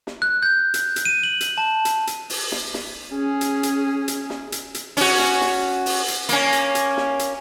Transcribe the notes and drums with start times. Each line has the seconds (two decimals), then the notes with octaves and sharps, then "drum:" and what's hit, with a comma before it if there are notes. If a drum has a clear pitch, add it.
0.07 drum: snare
0.22 F#6
0.43 G6
0.74 drum: hi-hat
0.96 drum: hi-hat
1.05 D#7
1.23 F#7
1.41 drum: hi-hat
1.58 A5
1.85 drum: hi-hat
2.07 drum: hi-hat
2.30 drum: open hi-hat
2.52 drum: snare
2.74 drum: snare
3.12 C#4 G#4
3.41 drum: hi-hat
3.63 drum: hi-hat
4.08 drum: hi-hat
4.30 drum: snare
4.52 drum: hi-hat
4.74 drum: hi-hat
4.97 C#4 F#4, drum: open hi-hat
5.19 drum: snare
5.41 drum: snare
5.86 drum: open hi-hat
6.08 drum: hi-hat
6.29 A#3 C#4, drum: hi-hat
6.53 drum: hi-hat
6.75 drum: hi-hat
6.97 drum: snare
7.19 drum: hi-hat